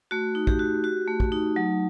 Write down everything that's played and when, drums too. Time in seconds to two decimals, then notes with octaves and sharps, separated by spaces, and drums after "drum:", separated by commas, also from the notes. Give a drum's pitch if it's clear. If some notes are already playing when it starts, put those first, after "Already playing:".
0.11 A3 F#4
0.35 D#4
0.47 G4, drum: kick
0.59 F#4
0.84 F#4
1.08 A3
1.20 drum: kick
1.32 D#4
1.56 F#3